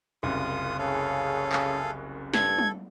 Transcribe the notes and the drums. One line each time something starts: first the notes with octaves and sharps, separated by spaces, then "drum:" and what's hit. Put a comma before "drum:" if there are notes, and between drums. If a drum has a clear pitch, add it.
F#1 C2 F#2 F4 D#6
C#3 G#4 A4 F5
drum: clap
G2 A4 G#6, drum: snare
drum: tom